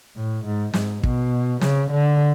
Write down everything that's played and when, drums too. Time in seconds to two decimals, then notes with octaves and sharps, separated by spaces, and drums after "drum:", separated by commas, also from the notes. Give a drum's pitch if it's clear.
0.16 A2
0.44 G#2
0.74 G#2, drum: snare
1.03 B2, drum: kick
1.61 C#3, drum: snare
1.91 D3